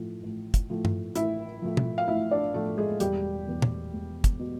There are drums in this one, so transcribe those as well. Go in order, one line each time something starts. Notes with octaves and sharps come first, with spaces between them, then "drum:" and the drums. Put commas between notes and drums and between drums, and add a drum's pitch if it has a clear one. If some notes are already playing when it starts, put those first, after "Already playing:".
Already playing: A2 F3
A1
drum: kick, hi-hat
A2 F3
drum: tom G2
A1 E4 E5, drum: hi-hat
A2 F3
drum: tom
F5
A1 E4 E5
D4 D5
A2 F3 A3 A4
G#3 G#4
E1 G3 G4, drum: hi-hat
E2 B2
drum: tom
E1
drum: kick, hi-hat
B2